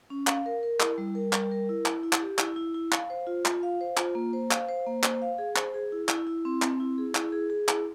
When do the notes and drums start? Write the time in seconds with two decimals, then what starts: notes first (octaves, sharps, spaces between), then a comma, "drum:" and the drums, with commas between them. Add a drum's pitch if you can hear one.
0.10 C#4
0.27 F5, drum: clap
0.46 A#4
0.63 A#4
0.80 E4, drum: clap
0.98 G3
1.15 A#4
1.33 G3, drum: clap
1.51 A#4
1.69 E4
1.86 E4, drum: clap
2.03 E4
2.13 drum: clap
2.22 G4
2.39 E4, drum: clap
2.56 E4
2.74 E4
2.92 F5, drum: clap
3.10 C5
3.27 F4
3.46 F4, drum: clap
3.63 F5
3.81 C5
3.97 F4, drum: clap
4.15 A#3
4.33 C5
4.51 F5, drum: clap
4.69 C5
4.86 A#3
5.03 C5, drum: clap
5.22 F5
5.38 G#4
5.56 C5, drum: clap
5.74 G#4
5.92 E4
6.09 E4, drum: clap
6.27 E4
6.45 C4
6.62 C4, drum: clap
6.80 E4
6.98 G#4
7.15 E4, drum: clap
7.32 G#4
7.50 G#4
7.68 E4, drum: clap